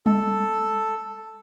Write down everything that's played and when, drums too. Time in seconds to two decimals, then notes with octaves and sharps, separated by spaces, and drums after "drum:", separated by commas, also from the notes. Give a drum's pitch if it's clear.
0.06 A4, drum: tom G3